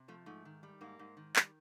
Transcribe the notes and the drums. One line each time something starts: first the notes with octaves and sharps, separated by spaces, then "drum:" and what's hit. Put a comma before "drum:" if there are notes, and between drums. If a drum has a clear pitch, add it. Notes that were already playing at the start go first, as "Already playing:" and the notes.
Already playing: C3
F3 A3
G#2 A3
D#3
G3
G#2 A#3
G#2
D#3
G3, drum: clap